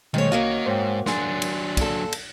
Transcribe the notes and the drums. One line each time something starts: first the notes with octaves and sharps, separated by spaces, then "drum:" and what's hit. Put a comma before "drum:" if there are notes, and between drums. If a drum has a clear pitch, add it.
G#2 B2 D#3 G3 A3 C#5
C2 A#3 C#4 F#4 A#4 D#5 F5
G#2 C5 C#5 G5
F#3 D4 G#5 C6, drum: snare
drum: cymbal
A#2 A4, drum: kick, cymbal
drum: cymbal